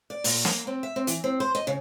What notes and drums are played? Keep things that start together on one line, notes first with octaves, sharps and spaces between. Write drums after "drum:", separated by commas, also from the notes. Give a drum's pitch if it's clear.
D5
A#2, drum: open hi-hat
A#3, drum: snare
C4
E5
C4
E3, drum: hi-hat
C4
C5
D#5
C#3